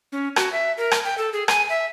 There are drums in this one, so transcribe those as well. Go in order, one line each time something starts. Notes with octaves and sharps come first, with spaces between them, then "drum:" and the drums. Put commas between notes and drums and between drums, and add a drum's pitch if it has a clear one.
C#4
F#4, drum: rim click
E5
A#4
drum: rim click
G5
A4
G#4
G#5, drum: rim click
E5